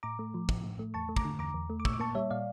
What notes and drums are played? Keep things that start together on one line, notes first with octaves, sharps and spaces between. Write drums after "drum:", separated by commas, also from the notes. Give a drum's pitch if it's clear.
A2 A#5 D6
A3
F3
A2, drum: kick
A2
A3
E2 A5 C#6
A3
A#5 D6, drum: kick
D3
E2 A#5 D6
E2
A3
D6
A#2 C#6 E6, drum: kick
D6
A#3 A5 C#6
G3 C#5 E5
A#2 D5 F5